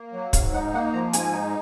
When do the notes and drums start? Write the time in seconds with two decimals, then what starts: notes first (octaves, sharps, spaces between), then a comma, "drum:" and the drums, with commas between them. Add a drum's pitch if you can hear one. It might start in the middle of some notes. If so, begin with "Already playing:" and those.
Already playing: A#3
0.13 F#3
0.33 G#2 F5, drum: kick, hi-hat
0.53 D#4 F#5
0.73 A#3 F#5
0.93 F3 A#5
1.13 G#2 G#5, drum: hi-hat
1.33 D#4